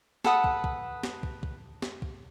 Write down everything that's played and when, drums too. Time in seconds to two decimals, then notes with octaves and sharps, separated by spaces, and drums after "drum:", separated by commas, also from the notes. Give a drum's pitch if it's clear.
0.24 A4 B4 F#5 D#6, drum: snare
0.44 drum: kick
0.64 drum: kick
1.03 drum: snare
1.23 drum: kick
1.43 drum: kick
1.82 drum: snare
2.02 drum: kick